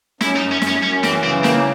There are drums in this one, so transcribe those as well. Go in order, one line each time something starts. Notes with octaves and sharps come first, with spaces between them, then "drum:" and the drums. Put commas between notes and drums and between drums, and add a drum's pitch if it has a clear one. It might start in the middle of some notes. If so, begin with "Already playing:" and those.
F#2 E4, drum: snare
D#4
F#2
C#4
F#2, drum: snare
C#4
F#2 C#4
E3 C4, drum: snare
C#3 C4
A#3 C4, drum: snare